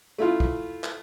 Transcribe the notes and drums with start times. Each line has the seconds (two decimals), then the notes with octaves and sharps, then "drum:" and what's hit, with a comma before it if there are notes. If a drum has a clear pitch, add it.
0.18 A3 E4 F4
0.40 drum: kick
0.84 drum: clap